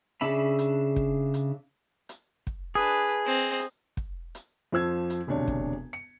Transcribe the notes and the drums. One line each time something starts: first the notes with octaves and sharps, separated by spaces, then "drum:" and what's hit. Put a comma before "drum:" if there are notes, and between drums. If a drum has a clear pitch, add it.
C#3 D4 E5 B5
drum: hi-hat
drum: kick
drum: hi-hat
drum: hi-hat
drum: kick
D4 G#4 B4
C4 D#5
drum: hi-hat
drum: kick
drum: hi-hat
F2 F3 C5 E6 G#6
drum: hi-hat
E1 D2 C3 D4 C#5
drum: kick
C#7